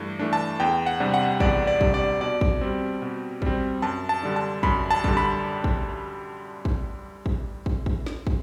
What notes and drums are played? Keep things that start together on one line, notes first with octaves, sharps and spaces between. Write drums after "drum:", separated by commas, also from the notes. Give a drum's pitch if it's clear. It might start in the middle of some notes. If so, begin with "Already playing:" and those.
Already playing: G2 E3 A3
E3 A3 D4
A5
E2 G5
F#5
C3 G3 D4
F#5
E2 D5, drum: kick
D5
C3 G3 D4, drum: kick
D5
B2 D5
drum: kick
G3 C4
B2
G3 C4, drum: kick
F#2 A5
A5
D3 G3 D4
A5
F#2 B5, drum: kick
A5
D3 G3 D4, drum: kick
B5
drum: kick
drum: kick
drum: kick
drum: kick
drum: kick
drum: snare
drum: kick